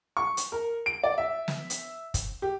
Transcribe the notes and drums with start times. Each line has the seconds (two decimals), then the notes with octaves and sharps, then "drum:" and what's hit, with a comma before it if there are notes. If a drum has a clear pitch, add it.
0.17 C#6
0.37 drum: hi-hat
0.52 A#4
0.86 D7
1.03 D5
1.18 E5
1.48 drum: snare
1.70 drum: hi-hat
2.14 drum: kick, hi-hat
2.42 G4